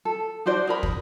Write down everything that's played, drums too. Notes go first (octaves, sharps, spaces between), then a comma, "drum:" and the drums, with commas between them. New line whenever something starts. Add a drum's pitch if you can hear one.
A4
D#4 F#4 C5 D5
G#4 A#4 B5
drum: kick